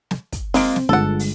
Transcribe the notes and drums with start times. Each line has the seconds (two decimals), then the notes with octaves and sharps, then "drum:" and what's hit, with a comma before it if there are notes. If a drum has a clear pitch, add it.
0.11 drum: snare
0.32 drum: kick, hi-hat
0.54 G#3 A#3 C4 F4 D7, drum: open hi-hat
0.76 drum: snare
0.89 G1 G#3 F4 A4 F#5
1.19 drum: open hi-hat